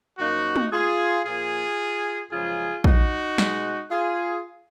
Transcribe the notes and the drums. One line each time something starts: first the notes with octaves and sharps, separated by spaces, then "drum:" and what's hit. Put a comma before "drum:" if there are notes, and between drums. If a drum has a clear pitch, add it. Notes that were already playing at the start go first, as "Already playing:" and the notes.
F#2 F3 A#3 D#4 F#4
drum: tom
F4 G#4
A#2 F3 A#3 F4 G#4
F#2 C#3 F3 G#3 F4 G#4
D#4 F#4, drum: kick
B2 G#3, drum: snare
F4 G#4